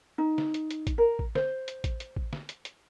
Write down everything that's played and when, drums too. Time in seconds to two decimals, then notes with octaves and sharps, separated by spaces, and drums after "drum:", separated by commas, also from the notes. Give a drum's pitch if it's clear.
0.18 D#4
0.38 drum: snare
0.54 drum: hi-hat
0.71 drum: hi-hat
0.87 drum: kick A1, hi-hat
0.98 A#4
1.19 drum: kick A1
1.35 C5, drum: snare
1.68 drum: hi-hat
1.84 drum: kick A1, hi-hat
2.00 drum: hi-hat
2.16 drum: kick A1
2.33 drum: snare
2.49 drum: hi-hat
2.65 drum: hi-hat